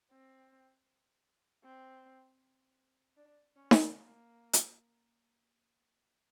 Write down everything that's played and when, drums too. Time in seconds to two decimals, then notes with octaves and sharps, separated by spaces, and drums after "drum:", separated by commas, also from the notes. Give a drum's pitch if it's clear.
0.11 C4
1.64 C4
3.17 D4
3.56 C#4
3.71 drum: snare D#4
3.94 A#3
4.53 drum: hi-hat